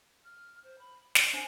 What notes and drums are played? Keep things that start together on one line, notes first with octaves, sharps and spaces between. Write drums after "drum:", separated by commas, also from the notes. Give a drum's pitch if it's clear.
F6
C5
B5
C#5, drum: snare
D4 C5 G#5